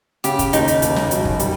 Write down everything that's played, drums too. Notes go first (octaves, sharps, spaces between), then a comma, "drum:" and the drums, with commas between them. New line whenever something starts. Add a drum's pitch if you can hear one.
C#3 G4, drum: hi-hat
drum: kick, hi-hat
D#2 D#4, drum: hi-hat
drum: hi-hat
F1, drum: hi-hat
drum: snare
F#3, drum: hi-hat
drum: kick
G3, drum: hi-hat